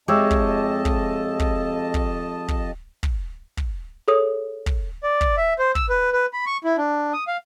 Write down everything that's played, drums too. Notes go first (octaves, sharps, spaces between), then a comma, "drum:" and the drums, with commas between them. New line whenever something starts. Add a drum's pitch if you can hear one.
F2 G#3 G4 C#5 D#5 E5 A5
drum: kick
drum: kick
drum: kick
drum: kick
drum: kick
drum: kick
drum: kick
G#4 A4 C#5 D#6
drum: kick
D5
drum: kick
E5
C5
E6, drum: kick
B4
B4
B5
C#6
E4
D4
D#6
F5